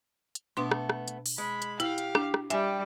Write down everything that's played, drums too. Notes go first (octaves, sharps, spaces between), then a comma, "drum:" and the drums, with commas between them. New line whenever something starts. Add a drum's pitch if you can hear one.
drum: hi-hat
B2 A3 B3 D4 C6
drum: rim click
drum: rim click
drum: hi-hat
drum: open hi-hat
G#3 B5
drum: hi-hat
E4 G4 F5, drum: hi-hat
drum: hi-hat
D4, drum: rim click
drum: rim click
G3 G4 E5 G#5, drum: hi-hat